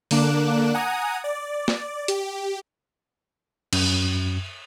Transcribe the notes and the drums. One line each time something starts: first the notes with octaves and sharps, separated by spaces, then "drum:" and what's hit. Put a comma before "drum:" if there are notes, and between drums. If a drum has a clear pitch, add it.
D3 A#3 D4 D6 F#6 E7, drum: open hi-hat
F#5 G#5 A#5 D#6
D5
drum: snare
G4, drum: hi-hat
F#2, drum: cymbal